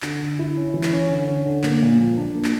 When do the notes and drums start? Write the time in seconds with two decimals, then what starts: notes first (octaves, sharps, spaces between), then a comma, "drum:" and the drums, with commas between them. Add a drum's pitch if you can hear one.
0.02 D3, drum: clap
0.21 D3
0.39 E4
0.57 C#4
0.74 E3
0.83 drum: clap
0.93 C#4
1.11 D3
1.27 C#4
1.46 D3
1.63 A#3, drum: clap
1.82 A#2
1.99 F3
2.17 D4
2.35 A#3
2.44 drum: clap